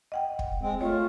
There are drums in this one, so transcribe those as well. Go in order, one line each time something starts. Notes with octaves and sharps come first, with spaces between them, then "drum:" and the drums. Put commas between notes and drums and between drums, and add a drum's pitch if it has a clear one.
D#5 F#5 G5
drum: kick
G#3 C4
A3 F4 C#5